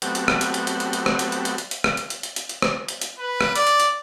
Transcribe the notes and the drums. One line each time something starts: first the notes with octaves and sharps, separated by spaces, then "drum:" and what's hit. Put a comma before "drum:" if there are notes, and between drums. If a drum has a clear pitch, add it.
F#3 A3 B3 C4 F#4 G4, drum: hi-hat
drum: hi-hat
drum: rim click
drum: hi-hat
drum: hi-hat
drum: hi-hat
drum: hi-hat
drum: hi-hat
drum: rim click
drum: hi-hat
drum: hi-hat
drum: hi-hat
drum: hi-hat
drum: hi-hat
drum: rim click
drum: hi-hat
drum: hi-hat
drum: hi-hat
drum: hi-hat
drum: hi-hat
drum: rim click
drum: hi-hat
drum: hi-hat
B4
drum: rim click
D5, drum: hi-hat
drum: hi-hat
drum: hi-hat